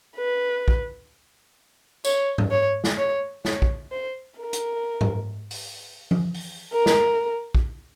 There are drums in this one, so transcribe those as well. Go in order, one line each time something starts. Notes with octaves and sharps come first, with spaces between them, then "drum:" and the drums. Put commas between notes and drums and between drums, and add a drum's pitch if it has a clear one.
B4
drum: kick
C#5, drum: tambourine
drum: tom G#2
C#5
drum: snare
C#5
C#5, drum: snare
drum: kick
C5
A#4
drum: hi-hat
drum: tom G#2
drum: open hi-hat
drum: tom F3
drum: open hi-hat
A#4
drum: snare
drum: kick